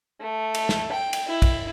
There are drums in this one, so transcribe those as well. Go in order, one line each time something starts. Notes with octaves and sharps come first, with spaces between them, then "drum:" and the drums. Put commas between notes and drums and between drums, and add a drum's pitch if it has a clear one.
A3
drum: cymbal
drum: snare
G5
drum: cymbal
E4
drum: kick, cymbal